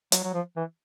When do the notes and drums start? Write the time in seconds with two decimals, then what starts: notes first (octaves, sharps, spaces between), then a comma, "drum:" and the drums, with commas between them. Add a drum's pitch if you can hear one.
0.12 F#3, drum: hi-hat
0.23 F#3
0.34 F3
0.57 E3